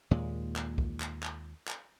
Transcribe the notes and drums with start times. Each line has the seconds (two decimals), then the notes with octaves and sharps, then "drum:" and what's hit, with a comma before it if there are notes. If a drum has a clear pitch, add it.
0.11 D#2 A#2 G#3
0.56 drum: clap
0.78 drum: kick B1
1.00 drum: clap
1.23 drum: clap
1.68 drum: clap